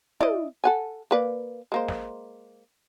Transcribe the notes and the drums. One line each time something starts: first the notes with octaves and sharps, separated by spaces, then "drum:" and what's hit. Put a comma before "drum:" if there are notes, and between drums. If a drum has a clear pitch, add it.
E4 D5 D#5, drum: tom
A4 F#5 G#5
A#3 B4 D5
G#3 A#3 C5
drum: snare